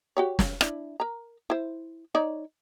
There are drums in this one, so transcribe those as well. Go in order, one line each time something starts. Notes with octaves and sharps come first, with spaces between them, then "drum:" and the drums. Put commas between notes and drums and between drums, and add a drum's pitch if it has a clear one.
F#4 G4 C#5
drum: snare
D4 E4, drum: rim click
A#4 A#5
E4 C5
D#4 C#5 D5